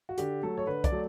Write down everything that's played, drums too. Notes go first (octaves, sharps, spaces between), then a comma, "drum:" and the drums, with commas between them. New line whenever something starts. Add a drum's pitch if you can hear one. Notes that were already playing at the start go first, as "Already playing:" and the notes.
F#4
D3 G4, drum: hi-hat
F#3 A3 A4
C#5
D3 B4
D5, drum: kick, hi-hat
F#3 A3